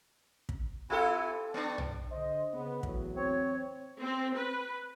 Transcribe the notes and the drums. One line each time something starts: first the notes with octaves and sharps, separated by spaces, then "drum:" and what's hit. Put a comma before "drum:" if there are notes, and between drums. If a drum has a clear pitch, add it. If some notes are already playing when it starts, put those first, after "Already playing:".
drum: kick
C4 E4 F4 G4 A4 G#5
B3 D4 D5 C#6 D6
drum: tom B1
D3 C5 D#5
C#3 B3
E2 A2 F#3, drum: kick
C4 C#5
C4
B4